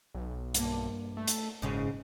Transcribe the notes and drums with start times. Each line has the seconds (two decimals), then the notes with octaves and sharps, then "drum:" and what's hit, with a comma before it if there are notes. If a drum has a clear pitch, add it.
0.14 B1
0.54 G2 A#3, drum: hi-hat
1.17 A3
1.28 drum: hi-hat
1.62 F#1 G#2 C#3 C#4